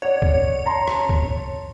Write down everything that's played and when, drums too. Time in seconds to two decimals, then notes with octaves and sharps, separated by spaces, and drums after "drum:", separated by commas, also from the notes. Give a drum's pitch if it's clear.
0.02 C#5 D5 F#5
0.22 drum: kick
0.66 A5 A#5 C6
0.88 drum: rim click
1.09 drum: kick